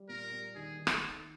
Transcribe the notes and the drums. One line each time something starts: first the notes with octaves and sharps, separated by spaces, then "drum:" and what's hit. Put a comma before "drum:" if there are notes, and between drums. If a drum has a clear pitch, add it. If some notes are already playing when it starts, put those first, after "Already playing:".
Already playing: G3
A#2 A#4
G3
D#3 G#4
D#3
A4, drum: rim click
D#3